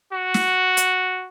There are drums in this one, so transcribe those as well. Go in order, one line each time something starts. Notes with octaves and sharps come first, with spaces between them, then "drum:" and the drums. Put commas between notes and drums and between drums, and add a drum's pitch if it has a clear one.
F#4
drum: snare
drum: hi-hat